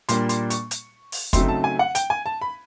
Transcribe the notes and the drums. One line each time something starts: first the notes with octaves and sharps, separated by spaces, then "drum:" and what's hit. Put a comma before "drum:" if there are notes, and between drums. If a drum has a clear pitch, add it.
A#2 G3 A#3 D4 C6, drum: hi-hat
C6, drum: hi-hat
C#6, drum: hi-hat
drum: hi-hat
drum: open hi-hat
C#3 F#3 A3 C4 D#4 C6, drum: kick, hi-hat
A5
G#5
F#5
G5, drum: hi-hat
G#5
A5
B5